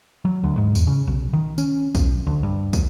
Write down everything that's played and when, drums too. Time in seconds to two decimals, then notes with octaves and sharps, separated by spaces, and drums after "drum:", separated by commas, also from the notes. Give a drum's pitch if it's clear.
0.25 F#3
0.44 D2
0.57 G#2
0.75 E2, drum: tambourine
0.87 C#3
1.07 B1
1.33 D#3
1.58 C#4, drum: tambourine
1.95 B1, drum: kick, tambourine
2.27 D2
2.43 G2
2.73 drum: kick, tambourine